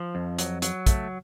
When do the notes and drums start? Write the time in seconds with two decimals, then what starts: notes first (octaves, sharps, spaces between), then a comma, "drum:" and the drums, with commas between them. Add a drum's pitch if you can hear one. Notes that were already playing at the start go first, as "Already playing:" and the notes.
Already playing: F3
0.15 F2
0.39 F#3, drum: hi-hat
0.62 F#3, drum: hi-hat
0.86 A3, drum: kick, hi-hat